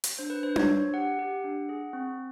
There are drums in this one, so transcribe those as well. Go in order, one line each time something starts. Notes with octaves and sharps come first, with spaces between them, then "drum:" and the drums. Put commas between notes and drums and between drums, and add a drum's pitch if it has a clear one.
drum: hi-hat
D4 C5
B4
D4 C5
C#5, drum: tom D4
D4
G4 F#5
G4
D4
G#4
C4